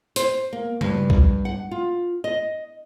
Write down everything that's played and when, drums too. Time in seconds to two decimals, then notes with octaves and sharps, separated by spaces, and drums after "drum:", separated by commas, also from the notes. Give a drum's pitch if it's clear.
0.16 C5, drum: hi-hat
0.53 A#3
0.81 G2, drum: tom C#3
1.10 drum: kick B1
1.45 F#5
1.71 F4
2.24 D#5